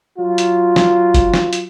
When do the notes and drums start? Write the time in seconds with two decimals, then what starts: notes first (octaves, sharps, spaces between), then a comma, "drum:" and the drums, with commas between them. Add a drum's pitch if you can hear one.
0.19 F#3 F4
0.38 drum: hi-hat
0.76 drum: snare
1.14 drum: kick F#1, hi-hat
1.34 drum: snare
1.53 drum: hi-hat